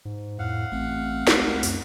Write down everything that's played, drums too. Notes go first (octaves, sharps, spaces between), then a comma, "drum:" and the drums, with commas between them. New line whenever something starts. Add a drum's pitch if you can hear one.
G#2
F2 A2 F5 F#5
A1 A3 C4
C#2, drum: snare
F#2, drum: open hi-hat